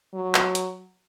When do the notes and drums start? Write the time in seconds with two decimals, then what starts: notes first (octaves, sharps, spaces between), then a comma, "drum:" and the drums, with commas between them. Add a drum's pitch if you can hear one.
0.14 F#3
0.35 drum: clap
0.55 drum: hi-hat